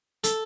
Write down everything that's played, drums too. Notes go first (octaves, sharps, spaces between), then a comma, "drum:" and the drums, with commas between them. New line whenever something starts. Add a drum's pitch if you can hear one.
A4, drum: hi-hat